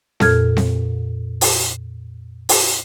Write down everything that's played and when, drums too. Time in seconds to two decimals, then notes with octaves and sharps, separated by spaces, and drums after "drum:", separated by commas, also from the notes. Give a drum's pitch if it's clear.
0.20 F2 A#2 A4 F6 G#6, drum: snare C4
0.57 drum: snare C4
1.41 drum: open hi-hat
2.49 drum: open hi-hat